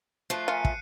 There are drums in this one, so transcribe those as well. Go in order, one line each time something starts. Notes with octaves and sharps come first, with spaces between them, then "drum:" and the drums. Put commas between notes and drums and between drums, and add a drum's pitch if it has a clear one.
F3 A3 F#6 C7
F4 A#4 E5 G#5 C#7 D#7
drum: kick